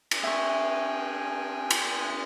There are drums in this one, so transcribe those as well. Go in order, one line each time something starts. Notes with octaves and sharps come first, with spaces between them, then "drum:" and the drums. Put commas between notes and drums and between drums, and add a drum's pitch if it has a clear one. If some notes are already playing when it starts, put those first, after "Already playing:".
drum: cymbal
E5 G5 G#5 C#6
drum: cymbal